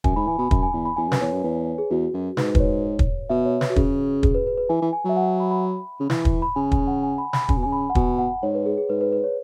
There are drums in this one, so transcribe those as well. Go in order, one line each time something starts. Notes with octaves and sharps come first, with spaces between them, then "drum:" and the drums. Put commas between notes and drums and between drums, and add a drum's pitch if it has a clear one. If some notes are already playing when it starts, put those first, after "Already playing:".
F#2 G#5, drum: kick
G#2 B5
E3 G#5
B2 B5
F#2 B5, drum: kick
G#5
E2 G#5
B5
E2 G#5
F#2
B4, drum: snare
E2 C#5
F#2
E2 B4
G#4
E2 F#4
F#2
G#2 B4, drum: snare
B4, drum: kick
C#5
drum: kick
B2 E5
C#5
B4, drum: snare
F#4
C#3 G#4, drum: kick
G#4, drum: kick
B4
B4
B4
E3 G#5
E3
G#5
F#3 E5
F#5
B5
B5
C#3
E3, drum: snare
drum: kick
B5
C#3 G#5
G#5, drum: kick
F#5
G#5
B5
B5, drum: snare
C#3 G#5, drum: kick
B2
C#3 G#5
B5
F#5
B2 G#5, drum: kick
F#5
G#2 C#5
B4
G#4
G#4
G#2 B4
B4
B4
C#5